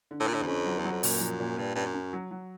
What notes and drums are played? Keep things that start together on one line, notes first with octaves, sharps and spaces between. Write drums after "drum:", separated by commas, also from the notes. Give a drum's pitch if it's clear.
D3
A2
A#2 D3
A2
E2
F2 C#4
F#3
E2
F#3
F2
F#2 A#2, drum: open hi-hat
F3
A#2
G2 A#2
G2 C#4
F#2
C#4
F#3
F#3